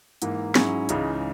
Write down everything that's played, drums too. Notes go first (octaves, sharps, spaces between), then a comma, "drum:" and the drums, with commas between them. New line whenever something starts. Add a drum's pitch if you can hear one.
G#2 E3 A#3, drum: hi-hat
G#2 F#3 C#4 E4 G#4, drum: snare
C#2 C#3 E3 G#3 D#4, drum: hi-hat